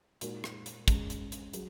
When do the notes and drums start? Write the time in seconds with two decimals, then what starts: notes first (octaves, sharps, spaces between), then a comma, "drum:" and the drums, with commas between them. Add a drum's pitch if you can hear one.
0.21 A#2 G#3 D#4 F#4 A#4, drum: hi-hat
0.44 drum: rim click
0.66 drum: hi-hat
0.88 G#3 C#4 G#4, drum: kick, hi-hat
1.10 drum: hi-hat
1.32 drum: hi-hat
1.53 F#3 G#4, drum: hi-hat